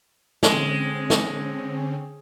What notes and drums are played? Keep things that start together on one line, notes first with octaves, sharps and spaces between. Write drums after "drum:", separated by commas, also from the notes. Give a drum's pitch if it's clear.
D3 G#3 C4 C#4, drum: snare
drum: snare